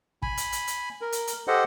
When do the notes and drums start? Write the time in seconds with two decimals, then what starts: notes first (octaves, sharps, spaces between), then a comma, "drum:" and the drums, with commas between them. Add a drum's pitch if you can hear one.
0.22 G#5 B5, drum: kick
0.37 drum: hi-hat
0.52 drum: hi-hat
0.67 drum: hi-hat
1.01 A#4
1.12 drum: hi-hat
1.27 drum: hi-hat
1.47 G4 A4 C5 D#5 F#5